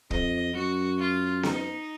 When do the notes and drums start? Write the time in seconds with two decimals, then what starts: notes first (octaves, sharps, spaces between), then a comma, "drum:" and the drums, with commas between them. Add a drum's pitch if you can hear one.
0.11 F2 D#5, drum: kick
0.54 F#2 F#4
0.99 F4
1.43 D#4, drum: snare B3